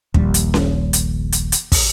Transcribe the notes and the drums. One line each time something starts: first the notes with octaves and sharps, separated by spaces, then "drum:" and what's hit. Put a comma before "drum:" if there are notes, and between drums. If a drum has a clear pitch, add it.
D#1 A#1 D#2 G3, drum: kick
drum: hi-hat
drum: snare C#4
drum: hi-hat
drum: hi-hat
drum: hi-hat
drum: kick, open hi-hat